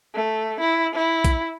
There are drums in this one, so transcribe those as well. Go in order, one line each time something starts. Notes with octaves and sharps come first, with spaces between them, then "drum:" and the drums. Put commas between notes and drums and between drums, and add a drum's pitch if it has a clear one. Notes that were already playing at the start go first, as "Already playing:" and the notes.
A3
E4
E4
drum: kick, hi-hat